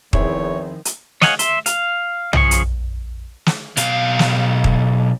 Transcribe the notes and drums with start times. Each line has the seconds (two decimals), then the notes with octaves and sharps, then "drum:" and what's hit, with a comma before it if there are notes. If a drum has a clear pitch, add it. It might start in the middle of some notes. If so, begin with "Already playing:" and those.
0.13 E2 D#3 F3 C4 E4 G#4 C#5, drum: kick
0.85 drum: hi-hat
1.22 C#5 D#5 F5 F#5 G#5, drum: snare
1.39 E5 C6, drum: hi-hat
1.66 F5, drum: hi-hat
2.33 C#3 F3 G#4 C#6, drum: tom
2.51 drum: hi-hat
3.46 drum: snare
3.77 B1 F5, drum: hi-hat
4.19 drum: snare
4.64 drum: kick